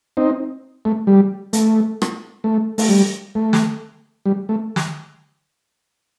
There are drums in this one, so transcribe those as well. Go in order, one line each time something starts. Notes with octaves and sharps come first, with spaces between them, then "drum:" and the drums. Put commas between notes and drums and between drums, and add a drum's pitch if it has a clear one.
C4 D#4
A3
G3
A3, drum: hi-hat
drum: rim click
A3
A3, drum: open hi-hat
G3
A3
drum: snare
G3
A3
drum: snare